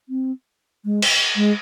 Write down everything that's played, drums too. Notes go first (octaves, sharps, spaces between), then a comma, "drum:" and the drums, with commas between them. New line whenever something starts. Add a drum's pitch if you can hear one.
C4
G#3
drum: cymbal
G#3